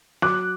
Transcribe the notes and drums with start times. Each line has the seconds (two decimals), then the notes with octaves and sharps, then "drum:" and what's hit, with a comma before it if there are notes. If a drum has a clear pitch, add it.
0.22 F#3 D6 F#6, drum: snare